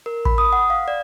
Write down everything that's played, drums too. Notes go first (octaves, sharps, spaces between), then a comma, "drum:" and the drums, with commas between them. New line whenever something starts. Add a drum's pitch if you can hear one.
A#4
B5, drum: kick A1
D#6
F#5
F5
D5